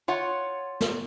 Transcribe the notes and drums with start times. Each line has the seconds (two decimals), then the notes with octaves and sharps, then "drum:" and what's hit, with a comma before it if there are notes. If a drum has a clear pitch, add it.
0.08 F4 C#5 F#5
0.81 drum: snare